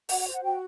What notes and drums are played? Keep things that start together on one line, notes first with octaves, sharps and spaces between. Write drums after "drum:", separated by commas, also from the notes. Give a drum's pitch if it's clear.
F#4 F#5, drum: open hi-hat
F#5
C5
F#5
F#4 G5